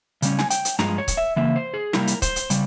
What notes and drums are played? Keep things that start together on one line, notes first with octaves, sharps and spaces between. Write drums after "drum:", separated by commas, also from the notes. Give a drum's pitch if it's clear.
C#3 G3 C#4, drum: hi-hat
G#5, drum: snare
G5, drum: hi-hat
drum: hi-hat
G2 F3 G#3 A#5, drum: snare
C#5
drum: kick C#1, hi-hat
E5
C#3 E3 A#3 E5
C5
G#4
C3 G3 A#3 E4 A#4, drum: snare
drum: hi-hat
C5, drum: kick C#1, hi-hat
drum: hi-hat
C#3 G3, drum: hi-hat